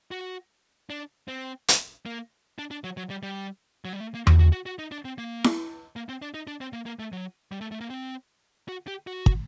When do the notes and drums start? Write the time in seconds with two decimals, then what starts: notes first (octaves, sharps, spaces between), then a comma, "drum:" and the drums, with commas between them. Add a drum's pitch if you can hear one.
0.11 F#4
0.90 D4
1.28 C4
1.68 drum: hi-hat
2.06 A#3
2.59 D4
2.71 D4
2.84 F#3
2.97 F#3
3.10 G3
3.23 G3
3.85 F#3
3.93 G3
4.00 A3
4.14 A#3
4.27 F#4, drum: tom E2
4.39 F#4
4.52 F#4
4.66 F#4
4.79 D#4
4.92 D4
5.05 C4
5.18 A#3
5.44 drum: snare E4
5.96 A#3
6.09 C4
6.22 D4
6.34 D#4
6.47 D4
6.61 C4
6.73 A#3
6.86 A#3
6.99 A3
7.12 F#3
7.52 G3
7.61 A3
7.71 A3
7.81 A#3
7.90 C4
8.69 F#4
8.88 G4
9.07 F#4
9.26 drum: kick